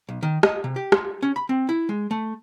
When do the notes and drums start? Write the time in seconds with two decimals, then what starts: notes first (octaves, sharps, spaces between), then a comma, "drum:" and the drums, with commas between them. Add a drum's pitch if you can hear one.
0.09 B1
0.23 D#3
0.43 D#5, drum: rim click
0.64 C3
0.76 G4
0.92 C6, drum: rim click
1.23 C#4
1.36 B5
1.49 C4
1.69 E4
1.89 G#3
2.11 A3